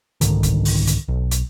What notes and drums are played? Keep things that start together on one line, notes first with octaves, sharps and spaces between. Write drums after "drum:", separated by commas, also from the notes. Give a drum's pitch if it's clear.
C2 G#2 D3 D#3, drum: hi-hat
drum: kick F1, hi-hat
drum: open hi-hat
drum: hi-hat
B1
drum: hi-hat